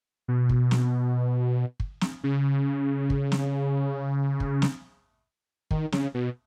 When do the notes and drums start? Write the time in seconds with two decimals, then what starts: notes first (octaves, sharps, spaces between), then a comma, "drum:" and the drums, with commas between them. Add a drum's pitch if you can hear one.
0.28 B2
0.49 drum: kick
0.71 drum: snare
1.80 drum: kick
2.01 drum: snare
2.24 C#3
3.10 drum: kick
3.32 drum: snare
4.40 drum: kick
4.62 drum: snare
5.71 D#3, drum: kick
5.92 C#3, drum: snare
6.14 B2